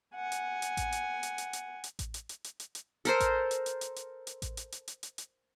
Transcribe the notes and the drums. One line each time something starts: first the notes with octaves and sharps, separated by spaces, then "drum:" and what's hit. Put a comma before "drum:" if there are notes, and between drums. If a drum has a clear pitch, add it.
F#5 G#5
drum: hi-hat
drum: hi-hat
drum: kick A1, hi-hat
drum: hi-hat
drum: hi-hat
drum: hi-hat
drum: hi-hat
drum: hi-hat
drum: kick A1, hi-hat
drum: hi-hat
drum: hi-hat
drum: hi-hat
drum: hi-hat
drum: hi-hat
A4 A#4 C5, drum: hi-hat
drum: kick A1, hi-hat
drum: hi-hat
drum: hi-hat
drum: hi-hat
drum: hi-hat
drum: hi-hat
drum: kick A1, hi-hat
drum: hi-hat
drum: hi-hat
drum: hi-hat
drum: hi-hat
drum: hi-hat